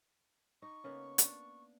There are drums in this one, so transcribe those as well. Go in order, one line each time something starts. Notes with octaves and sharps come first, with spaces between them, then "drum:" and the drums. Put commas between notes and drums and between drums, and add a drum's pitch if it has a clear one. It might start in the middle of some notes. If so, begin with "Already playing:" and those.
D#4 C#6
C#3 A#3 B3
D4, drum: hi-hat